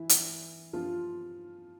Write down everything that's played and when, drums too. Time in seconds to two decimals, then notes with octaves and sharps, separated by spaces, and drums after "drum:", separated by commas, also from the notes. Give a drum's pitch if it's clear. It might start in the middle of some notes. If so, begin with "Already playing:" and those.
Already playing: E3 E4
0.09 drum: hi-hat
0.73 F3 F4